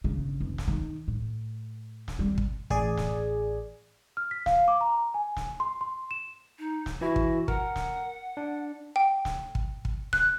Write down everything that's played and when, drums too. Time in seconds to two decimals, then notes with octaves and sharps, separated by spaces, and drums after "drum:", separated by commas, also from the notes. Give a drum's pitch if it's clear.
0.04 G1 C#3
0.40 F1
0.58 drum: snare
0.68 D#3
1.08 A2
2.08 drum: snare
2.19 G3 C4
2.38 drum: kick
2.70 A1 G#4 D5 G#5, drum: kick
2.97 drum: snare
4.17 F6
4.31 B6
4.46 F5, drum: snare
4.68 D6
4.81 A#5
5.14 G#5
5.37 drum: snare
5.60 C6
5.81 C6
6.11 E7
6.59 D#4
6.86 drum: snare
7.01 E3 E4 F#4
7.16 drum: kick
7.48 A#4 F#5, drum: kick
7.76 drum: snare
8.37 D4
8.96 G5
9.25 drum: snare
9.55 drum: kick
9.85 drum: kick
10.13 F#6, drum: snare